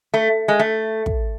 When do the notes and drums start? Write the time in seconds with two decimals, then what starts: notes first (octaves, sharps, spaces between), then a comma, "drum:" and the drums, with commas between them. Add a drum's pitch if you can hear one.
0.14 A3
0.48 G#3
0.59 A3
1.06 drum: kick